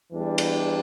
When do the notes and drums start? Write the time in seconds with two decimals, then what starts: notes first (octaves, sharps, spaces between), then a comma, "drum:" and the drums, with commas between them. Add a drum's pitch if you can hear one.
0.11 E2 E3 G3 D4
0.38 drum: cymbal